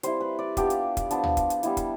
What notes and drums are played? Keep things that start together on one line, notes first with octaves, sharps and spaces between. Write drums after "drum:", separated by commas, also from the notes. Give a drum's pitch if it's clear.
G3 C4 E4 C5, drum: hi-hat
B4
D5
B3 D4 F4 G4, drum: kick, hi-hat
drum: hi-hat
drum: kick, hi-hat
F3 B3 D4, drum: hi-hat
drum: tom
drum: kick, hi-hat
drum: hi-hat
G3 B3 E4, drum: hi-hat
drum: kick, hi-hat